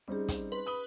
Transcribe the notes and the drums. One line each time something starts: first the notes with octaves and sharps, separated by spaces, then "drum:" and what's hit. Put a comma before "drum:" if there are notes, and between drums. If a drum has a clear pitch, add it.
G3 C4 C#4 D#4 G#4
drum: kick, hi-hat
B4 C6
B5 D#6 G7